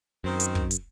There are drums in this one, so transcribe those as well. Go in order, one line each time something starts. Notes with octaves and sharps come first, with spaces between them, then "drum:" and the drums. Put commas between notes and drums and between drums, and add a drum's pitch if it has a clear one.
F#2 D#3 C4
drum: hi-hat
drum: kick
drum: hi-hat